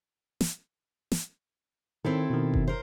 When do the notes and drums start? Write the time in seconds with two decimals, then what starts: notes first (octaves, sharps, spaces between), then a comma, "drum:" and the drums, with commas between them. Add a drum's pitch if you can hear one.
0.41 drum: snare
1.12 drum: snare
2.05 D#3 C4 E4 A4
2.30 B2 D#3
2.54 drum: kick F#1
2.68 A#4 C5